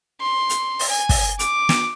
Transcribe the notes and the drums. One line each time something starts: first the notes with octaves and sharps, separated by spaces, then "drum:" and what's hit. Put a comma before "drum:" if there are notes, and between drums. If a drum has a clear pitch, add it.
C6
drum: hi-hat
drum: open hi-hat
G#5
drum: kick, open hi-hat
D6, drum: hi-hat
drum: snare